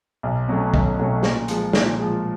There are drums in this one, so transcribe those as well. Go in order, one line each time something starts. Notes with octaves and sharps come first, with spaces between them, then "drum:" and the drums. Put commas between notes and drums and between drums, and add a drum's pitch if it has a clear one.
B1
B2 F#3 A3 C#4
B1, drum: kick
B2 F#3 A3 C#4
A#2, drum: snare
F3 G#3, drum: hi-hat
A#2, drum: snare
F3 G#3